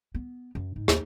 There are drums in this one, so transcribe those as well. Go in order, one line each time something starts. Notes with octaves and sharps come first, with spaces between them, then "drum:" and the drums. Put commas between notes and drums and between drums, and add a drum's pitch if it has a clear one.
B3
F#2
G#2
D#2, drum: rim click